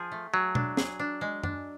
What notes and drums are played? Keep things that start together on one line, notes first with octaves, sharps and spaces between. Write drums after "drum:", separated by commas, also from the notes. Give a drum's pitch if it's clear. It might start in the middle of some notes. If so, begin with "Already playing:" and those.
Already playing: F3 G#4
A3
F#3 G#4
D4, drum: tom B2
G#4, drum: snare
D4
G#3
D4, drum: tom F#2